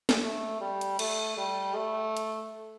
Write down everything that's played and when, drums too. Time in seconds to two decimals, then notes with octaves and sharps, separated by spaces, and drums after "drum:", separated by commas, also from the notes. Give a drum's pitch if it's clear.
0.09 drum: snare
0.22 A3
0.61 G3
0.81 drum: hi-hat
0.99 A3, drum: cymbal
1.38 G3
1.75 A3
2.17 drum: hi-hat